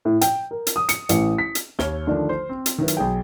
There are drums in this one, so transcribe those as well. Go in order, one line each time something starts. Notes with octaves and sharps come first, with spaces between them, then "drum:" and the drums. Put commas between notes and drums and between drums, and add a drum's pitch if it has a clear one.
A2
G5, drum: hi-hat
A#4
drum: hi-hat
D#6
C#7, drum: hi-hat
A1, drum: hi-hat
B6
drum: hi-hat
D#2 C#5 F6 G7, drum: snare
D3 D#3 F3 A3 D4
C5
C4
drum: hi-hat
D#3 F#3 E4 B4
drum: hi-hat
B1 G#4 G5